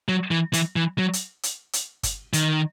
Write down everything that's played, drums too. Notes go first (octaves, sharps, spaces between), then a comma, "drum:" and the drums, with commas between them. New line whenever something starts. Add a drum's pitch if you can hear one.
F#3
E3
E3, drum: hi-hat
E3
F#3
drum: hi-hat
drum: hi-hat
drum: hi-hat
drum: kick, hi-hat
D#3, drum: hi-hat